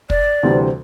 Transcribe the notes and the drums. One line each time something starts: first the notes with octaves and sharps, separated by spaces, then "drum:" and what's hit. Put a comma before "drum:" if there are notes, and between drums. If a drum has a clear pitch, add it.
D5, drum: kick
D2 C3 E3 G3 C4